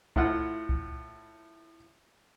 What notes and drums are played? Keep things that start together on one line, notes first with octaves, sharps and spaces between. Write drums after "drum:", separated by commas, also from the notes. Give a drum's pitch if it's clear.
A2 E4 F4 F#5, drum: kick
drum: kick